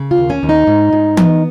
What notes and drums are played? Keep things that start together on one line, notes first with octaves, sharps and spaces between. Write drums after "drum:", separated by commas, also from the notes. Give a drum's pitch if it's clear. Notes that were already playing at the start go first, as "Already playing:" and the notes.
Already playing: C#3
F4
D#2
C#4
D#2
D#4
G#2
G#2
B3, drum: tom E3